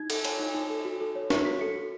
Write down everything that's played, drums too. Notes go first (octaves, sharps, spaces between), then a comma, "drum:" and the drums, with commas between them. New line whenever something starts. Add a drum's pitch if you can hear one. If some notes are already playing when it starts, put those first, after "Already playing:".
Already playing: D#4 G#6
A4, drum: cymbal
C#5, drum: cymbal
D#4
D#4
A4
F#4
A4
C#5
F#4, drum: snare
F#4 B6
A4 C#7
F#4